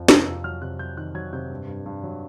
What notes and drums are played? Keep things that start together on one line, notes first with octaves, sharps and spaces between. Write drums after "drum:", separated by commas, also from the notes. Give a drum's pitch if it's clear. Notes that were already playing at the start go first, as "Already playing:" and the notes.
Already playing: F2
C3 A#5, drum: snare
F2 E6
F#3 F6
C3 F#6
F#3 G6
D#3 F#6
F#3 G#6
C3 G6
G2
G2
G2
F#3